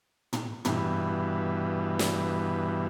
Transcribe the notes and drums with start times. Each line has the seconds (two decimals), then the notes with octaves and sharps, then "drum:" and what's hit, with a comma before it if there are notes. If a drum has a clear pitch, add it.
0.33 drum: tom
0.65 G2 B2 E3, drum: tom
1.99 drum: snare